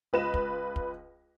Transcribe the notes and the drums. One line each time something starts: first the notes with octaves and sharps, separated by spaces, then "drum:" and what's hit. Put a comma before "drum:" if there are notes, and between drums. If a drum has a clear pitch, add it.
C#2 F4 B4 D#5 A#6 E7
drum: kick
drum: kick